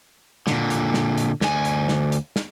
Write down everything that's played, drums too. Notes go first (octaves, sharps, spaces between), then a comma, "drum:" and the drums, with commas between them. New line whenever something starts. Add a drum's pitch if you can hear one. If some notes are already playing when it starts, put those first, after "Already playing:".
A#2 D3, drum: snare
drum: hi-hat
drum: snare
drum: hi-hat
D2 G#5, drum: snare
drum: hi-hat
drum: snare
drum: hi-hat
drum: snare